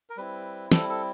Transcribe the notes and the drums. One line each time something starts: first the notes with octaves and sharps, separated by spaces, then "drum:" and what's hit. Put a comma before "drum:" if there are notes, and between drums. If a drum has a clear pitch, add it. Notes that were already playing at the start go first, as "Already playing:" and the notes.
A#4
G3 C4 E4 B4
G3 C4 E4 A4, drum: snare
A4